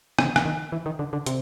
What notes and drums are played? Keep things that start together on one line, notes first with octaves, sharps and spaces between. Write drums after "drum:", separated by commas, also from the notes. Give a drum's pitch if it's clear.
C#3, drum: rim click
drum: rim click
D#3
E3
D#3
D3
D3
C3, drum: hi-hat